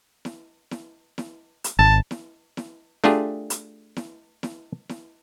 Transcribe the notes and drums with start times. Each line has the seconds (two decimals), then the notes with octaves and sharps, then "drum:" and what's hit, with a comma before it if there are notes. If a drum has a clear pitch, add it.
0.25 drum: snare E4
0.71 drum: snare E4
1.18 drum: snare E4
1.64 drum: hi-hat
1.79 G#1 A5
2.11 drum: snare E4
2.57 drum: snare E4
3.04 A3 D4 F4 G4 G#4, drum: snare E4
3.50 drum: hi-hat
3.97 drum: snare E4
4.43 drum: snare E4
4.89 drum: snare E4